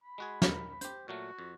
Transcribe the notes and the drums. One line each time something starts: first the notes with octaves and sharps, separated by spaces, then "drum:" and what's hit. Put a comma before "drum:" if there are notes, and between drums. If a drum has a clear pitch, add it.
B5
G#3 F#4 G#4
D#3 A#4, drum: snare
G4 C5, drum: hi-hat
A#2 F#3 A3 F#4
F2